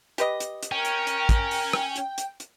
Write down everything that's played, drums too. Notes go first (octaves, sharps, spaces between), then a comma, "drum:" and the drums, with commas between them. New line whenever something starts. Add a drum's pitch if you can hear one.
G4 B4 D#5, drum: hi-hat
drum: hi-hat
drum: hi-hat
C#4 A#4 G5
drum: hi-hat
drum: hi-hat
drum: kick, hi-hat
drum: open hi-hat
drum: rim click
drum: hi-hat
drum: hi-hat
drum: hi-hat